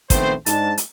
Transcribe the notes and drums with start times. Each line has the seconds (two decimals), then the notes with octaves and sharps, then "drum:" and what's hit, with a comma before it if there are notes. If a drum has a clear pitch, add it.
0.10 A#1 D#3 A3 B3 C4 C5, drum: kick, hi-hat
0.46 G#2 D4 D#4 A5, drum: hi-hat
0.78 drum: hi-hat